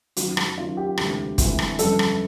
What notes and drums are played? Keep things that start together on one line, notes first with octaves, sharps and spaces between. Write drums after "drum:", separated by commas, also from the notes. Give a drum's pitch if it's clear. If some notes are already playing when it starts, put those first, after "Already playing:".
F#1 F#2 D#3 F#4, drum: hi-hat
drum: rim click
F#1 F#2 D#3 F4
G4
E1 D2 C3 E3, drum: rim click
E1 D2 C3 E3, drum: kick, hi-hat
drum: rim click
G1 F2 C#3 A4, drum: hi-hat
drum: rim click